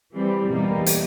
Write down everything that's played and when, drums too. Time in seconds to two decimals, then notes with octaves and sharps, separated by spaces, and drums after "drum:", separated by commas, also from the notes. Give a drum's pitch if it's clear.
0.12 E3 G3 C4
0.47 E2 B2 G3 A#3 D#4
0.86 drum: hi-hat